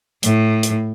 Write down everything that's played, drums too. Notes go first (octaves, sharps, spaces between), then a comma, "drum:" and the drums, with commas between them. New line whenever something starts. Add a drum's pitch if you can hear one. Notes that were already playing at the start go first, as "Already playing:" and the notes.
A2, drum: hi-hat
drum: hi-hat